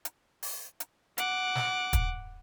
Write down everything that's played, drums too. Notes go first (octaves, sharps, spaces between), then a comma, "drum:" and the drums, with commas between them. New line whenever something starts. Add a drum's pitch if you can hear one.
drum: hi-hat
drum: open hi-hat
drum: hi-hat
F#5 D6, drum: hi-hat
drum: snare
drum: kick, hi-hat